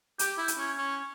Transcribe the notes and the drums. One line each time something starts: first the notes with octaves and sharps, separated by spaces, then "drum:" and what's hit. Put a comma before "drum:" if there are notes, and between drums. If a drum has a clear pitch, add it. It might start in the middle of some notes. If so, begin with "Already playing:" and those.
G4, drum: hi-hat
E4
drum: hi-hat
C#4
C#4